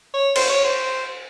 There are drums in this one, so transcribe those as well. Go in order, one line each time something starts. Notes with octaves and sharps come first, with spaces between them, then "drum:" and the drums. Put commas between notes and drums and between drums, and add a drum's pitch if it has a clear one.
C#5
C5, drum: cymbal
C#5
C5